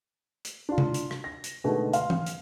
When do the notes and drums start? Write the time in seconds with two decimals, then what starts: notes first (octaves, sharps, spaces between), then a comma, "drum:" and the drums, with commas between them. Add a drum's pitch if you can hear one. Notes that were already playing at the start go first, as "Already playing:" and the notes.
0.45 drum: hi-hat
0.69 D4 F4
0.78 drum: tom C3
0.94 drum: hi-hat
1.11 drum: rim click
1.24 A#6
1.44 drum: hi-hat
1.64 B2 D3 D#3 G#3 A3 B3
1.93 F5 C6, drum: hi-hat
2.10 drum: tom E3
2.26 drum: hi-hat